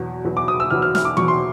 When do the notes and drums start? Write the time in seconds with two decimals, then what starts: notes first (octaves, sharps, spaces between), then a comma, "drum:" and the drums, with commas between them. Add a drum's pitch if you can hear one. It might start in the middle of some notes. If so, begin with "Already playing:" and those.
Already playing: E2 B2 F#3
0.25 E2 B2 F#3
0.37 D6
0.48 D#6
0.60 E6
0.70 E2 B2 F#3 F6
0.82 F6
0.95 F6, drum: snare
1.05 D6
1.17 E2 B2 F#3 C#6, drum: tom E3
1.28 C6